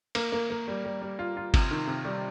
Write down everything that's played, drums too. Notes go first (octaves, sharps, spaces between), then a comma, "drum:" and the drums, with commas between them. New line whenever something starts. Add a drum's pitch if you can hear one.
A#3, drum: cymbal
A#3
A#3
G3
G3
G3
F4
F4
C3, drum: kick G1, cymbal
D#3
C3
G3